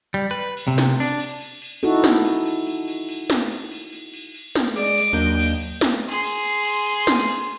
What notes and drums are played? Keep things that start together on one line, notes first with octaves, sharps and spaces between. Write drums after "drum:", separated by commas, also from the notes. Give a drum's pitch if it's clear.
G3
B4
drum: cymbal
C3
drum: snare
D4, drum: cymbal
drum: cymbal
drum: cymbal
drum: cymbal
D#4 E4 F#4 A4, drum: cymbal
drum: snare
drum: cymbal
drum: cymbal
drum: cymbal
drum: cymbal
drum: cymbal
drum: snare
drum: cymbal
drum: cymbal
drum: cymbal
drum: cymbal
drum: cymbal
drum: snare
G#3 D5 D#5 D7, drum: cymbal
drum: cymbal
D#2 F#3 A#3 D4 G6
drum: cymbal
drum: cymbal
drum: snare
G#4 C6
drum: cymbal
drum: cymbal
drum: cymbal
drum: cymbal
drum: snare
drum: cymbal